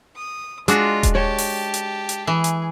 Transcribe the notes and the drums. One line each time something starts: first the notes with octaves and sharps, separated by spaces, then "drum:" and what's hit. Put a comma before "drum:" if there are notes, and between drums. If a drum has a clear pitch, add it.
D#6
G#3 D4 F4 F#4, drum: hi-hat
drum: kick D#1, hi-hat
G4 C#5 A5
drum: open hi-hat
drum: hi-hat
drum: hi-hat
E3 G#4
drum: hi-hat